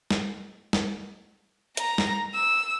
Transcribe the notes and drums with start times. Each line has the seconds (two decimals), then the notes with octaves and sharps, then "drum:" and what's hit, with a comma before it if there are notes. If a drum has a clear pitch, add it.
0.11 drum: snare
0.73 drum: snare
1.77 A#5, drum: hi-hat
1.98 drum: snare
2.34 E6